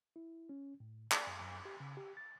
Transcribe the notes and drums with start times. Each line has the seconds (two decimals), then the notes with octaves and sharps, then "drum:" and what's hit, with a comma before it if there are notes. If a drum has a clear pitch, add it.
0.16 E4
0.49 C#4
0.80 A2
1.12 D5, drum: clap
1.27 F#2
1.41 F#2
1.65 G4
1.80 C#3
1.97 G4
2.17 A6